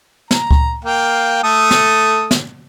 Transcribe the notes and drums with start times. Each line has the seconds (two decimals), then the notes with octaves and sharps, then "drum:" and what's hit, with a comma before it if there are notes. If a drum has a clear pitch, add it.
0.31 A#5, drum: snare
0.51 drum: kick C#2
0.85 A#3 F5 G5
1.43 A3 A4 D#6
1.71 drum: snare
2.31 drum: snare